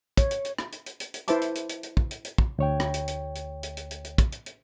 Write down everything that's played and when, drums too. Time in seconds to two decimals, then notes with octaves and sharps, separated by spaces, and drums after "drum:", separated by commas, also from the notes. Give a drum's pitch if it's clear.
0.17 C#5, drum: kick, hi-hat
0.31 drum: hi-hat
0.45 drum: hi-hat
0.58 drum: rim click
0.72 drum: hi-hat
0.86 drum: hi-hat
1.00 drum: hi-hat
1.14 drum: hi-hat
1.28 E4 B4 C5 E5 A5 D6, drum: hi-hat
1.42 drum: hi-hat
1.55 drum: hi-hat
1.69 drum: hi-hat
1.83 drum: hi-hat
1.97 drum: kick
2.11 drum: hi-hat
2.25 drum: hi-hat
2.38 drum: kick
2.59 D2 C#5 G5
2.80 drum: rim click
2.94 drum: hi-hat
3.08 drum: hi-hat
3.35 drum: hi-hat
3.63 drum: hi-hat
3.77 drum: hi-hat
3.91 drum: hi-hat
4.05 drum: hi-hat
4.18 drum: kick, hi-hat
4.32 drum: hi-hat
4.46 drum: hi-hat